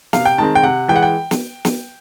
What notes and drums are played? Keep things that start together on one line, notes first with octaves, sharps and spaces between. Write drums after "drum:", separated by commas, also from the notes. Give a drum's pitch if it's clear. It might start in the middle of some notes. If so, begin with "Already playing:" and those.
C3 F5, drum: snare
G5
D#3 G#3 C4 A5
G5
C3 F#5
E3 G#3 G5
F#5
G5
drum: snare
drum: snare